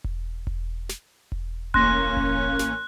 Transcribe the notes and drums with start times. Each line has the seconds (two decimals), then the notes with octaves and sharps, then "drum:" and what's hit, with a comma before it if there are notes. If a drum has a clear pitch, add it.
0.04 drum: kick E1
0.47 drum: kick E1
0.89 drum: snare
1.32 drum: kick E1
1.74 A1 A#3 C#4 C6 F#6 A#6, drum: kick E1
2.17 drum: kick E1
2.59 drum: snare